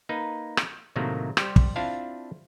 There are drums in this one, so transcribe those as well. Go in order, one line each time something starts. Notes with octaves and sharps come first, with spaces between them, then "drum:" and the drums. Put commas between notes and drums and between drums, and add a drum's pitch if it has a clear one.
A#3 D#4 B4
drum: rim click
A2 C3 D#3 F#3 A3 A#3
G3 G4 C5, drum: rim click
drum: kick
C4 D4 E4 F4 F5 A5